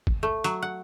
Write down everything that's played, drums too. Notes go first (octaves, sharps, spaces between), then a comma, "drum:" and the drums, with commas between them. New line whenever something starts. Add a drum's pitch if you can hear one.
drum: kick
A3
F#3, drum: hi-hat
F#5